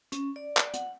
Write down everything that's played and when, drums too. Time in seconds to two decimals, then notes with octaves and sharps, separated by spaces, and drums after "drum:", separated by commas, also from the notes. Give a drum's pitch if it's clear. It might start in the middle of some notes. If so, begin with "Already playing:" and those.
0.12 C#4, drum: hi-hat
0.36 D5
0.57 D5, drum: clap
0.74 F#5, drum: hi-hat